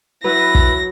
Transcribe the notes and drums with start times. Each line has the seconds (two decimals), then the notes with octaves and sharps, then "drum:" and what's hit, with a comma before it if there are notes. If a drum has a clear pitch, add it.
0.24 F#3 E4 B4 A#6
0.55 drum: kick